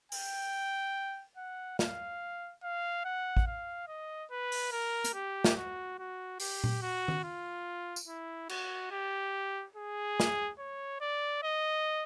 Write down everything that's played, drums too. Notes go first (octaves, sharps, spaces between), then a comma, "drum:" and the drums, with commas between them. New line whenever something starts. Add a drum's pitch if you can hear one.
G5, drum: open hi-hat
F#5
F5, drum: snare
F5
F#5
drum: kick A1
F5
D#5
B4
drum: open hi-hat
A#4
drum: hi-hat
G4
drum: snare
F#4
F#4
G4, drum: open hi-hat
drum: tom A#2
F#4
drum: tom D#3
F4
drum: tambourine
E4
F#4, drum: cymbal
G4
G#4
drum: snare
C#5
D5
D#5